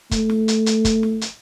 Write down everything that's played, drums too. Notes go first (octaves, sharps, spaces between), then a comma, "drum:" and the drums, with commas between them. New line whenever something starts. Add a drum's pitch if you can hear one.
A3, drum: kick, hi-hat
drum: snare
drum: hi-hat
drum: hi-hat
drum: kick, hi-hat
drum: snare
drum: hi-hat